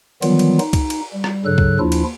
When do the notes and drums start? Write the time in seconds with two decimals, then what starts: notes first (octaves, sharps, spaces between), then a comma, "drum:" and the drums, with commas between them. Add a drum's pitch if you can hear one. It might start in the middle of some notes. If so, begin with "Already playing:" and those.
0.22 D#3 E3 F#3 G3 B3 F4, drum: cymbal
0.39 drum: cymbal
0.59 D#4, drum: cymbal
0.73 drum: kick C2, cymbal
0.90 drum: cymbal
1.14 G3
1.24 drum: rim click
1.45 G2 C#3 F#3 A4 F#6
1.58 drum: kick C2
1.80 D#2 F3 D4 E4 F4
1.92 drum: cymbal